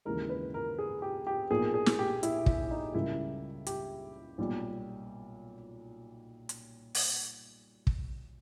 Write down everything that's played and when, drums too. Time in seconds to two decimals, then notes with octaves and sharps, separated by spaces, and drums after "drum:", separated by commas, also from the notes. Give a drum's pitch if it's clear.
0.05 D#2 C#3 E3 G#3 A#4
0.29 B4
0.54 A#4
0.78 G#4
1.02 G4
1.27 G4
1.51 B1 A#2 A#3 G#4
1.74 G#4
1.86 drum: snare
1.99 G4
2.23 E4, drum: hi-hat
2.46 E4, drum: kick
2.71 D#4
2.94 C#2 C#3 G3 A#3 E4
3.67 G4, drum: hi-hat
4.38 B1 A#2 G3
6.49 drum: hi-hat
6.95 drum: open hi-hat
7.87 drum: kick